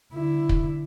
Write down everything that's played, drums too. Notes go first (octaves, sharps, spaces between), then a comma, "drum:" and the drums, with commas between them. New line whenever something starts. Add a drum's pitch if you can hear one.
D3 E4
drum: kick